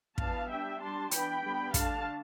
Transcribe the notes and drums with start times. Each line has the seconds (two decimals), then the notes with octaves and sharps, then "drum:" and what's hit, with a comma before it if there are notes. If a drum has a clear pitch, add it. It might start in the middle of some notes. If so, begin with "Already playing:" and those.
0.18 E3 B3 D4 F5 A5, drum: kick
0.50 G3 D4 E5 G5
0.80 G3 D4 A5 C6
1.11 E3 B3 D4 G5 B5, drum: hi-hat
1.43 D3 G3 B3 D4
1.74 D3 A3 D4 F5 A5, drum: kick, hi-hat